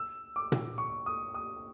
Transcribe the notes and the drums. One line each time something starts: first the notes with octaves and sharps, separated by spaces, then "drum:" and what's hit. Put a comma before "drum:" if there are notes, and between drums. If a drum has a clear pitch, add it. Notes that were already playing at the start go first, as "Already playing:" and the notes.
Already playing: E6
D6
drum: tom A#2
C#6
D#6
D#6